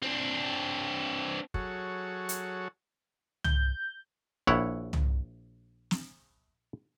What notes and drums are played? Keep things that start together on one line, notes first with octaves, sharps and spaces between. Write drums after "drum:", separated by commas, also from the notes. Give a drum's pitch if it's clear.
C4 D4
F#3 F#4 G#4 A4 C#5, drum: kick
drum: hi-hat
G6, drum: tom
A#1 E4 C#5 F#5, drum: kick
drum: tom
drum: snare